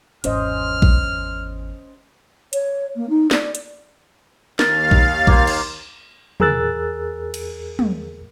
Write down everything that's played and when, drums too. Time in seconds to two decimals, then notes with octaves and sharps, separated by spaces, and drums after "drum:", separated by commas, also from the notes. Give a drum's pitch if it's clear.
0.24 G#1 E2 C#4 C5 D#5 F6, drum: hi-hat
0.82 drum: kick A#1
2.53 C#5, drum: hi-hat
2.96 A#3
3.09 D#4
3.31 D5, drum: snare
3.55 drum: hi-hat
4.59 D#2 A#4 F5 A6, drum: snare
4.91 drum: kick A#1
5.27 A#3 C5, drum: kick A#1
5.47 drum: cymbal
6.40 E2 G#4 A#4 E6 F#6 A6, drum: tom
7.34 drum: cymbal
7.79 drum: tom